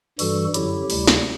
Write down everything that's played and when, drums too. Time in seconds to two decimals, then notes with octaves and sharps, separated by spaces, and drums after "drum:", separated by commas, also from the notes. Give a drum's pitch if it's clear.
0.19 G2 E3 G3 F#4 A4, drum: open hi-hat
0.54 F#2 D3 F#3 E4 G4, drum: hi-hat
0.90 D2 C3 G3, drum: open hi-hat
1.07 drum: snare